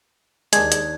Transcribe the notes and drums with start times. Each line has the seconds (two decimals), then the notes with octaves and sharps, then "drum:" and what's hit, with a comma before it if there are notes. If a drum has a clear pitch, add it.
0.53 D#2 G#3 D4 G#4 D6 G#6, drum: hi-hat
0.72 drum: hi-hat